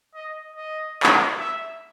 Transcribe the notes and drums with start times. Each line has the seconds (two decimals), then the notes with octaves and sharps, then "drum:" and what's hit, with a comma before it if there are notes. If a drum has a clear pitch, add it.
0.15 D#5
0.56 D#5
1.03 drum: clap
1.40 E5